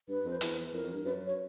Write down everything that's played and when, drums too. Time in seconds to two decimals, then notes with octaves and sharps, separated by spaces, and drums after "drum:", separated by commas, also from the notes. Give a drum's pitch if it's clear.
0.08 G2 B4
0.25 F2
0.30 C5
0.41 E2 B4, drum: hi-hat
0.73 F2 A#4
0.83 F2
0.93 G2
1.04 F#2 B4
1.26 C#5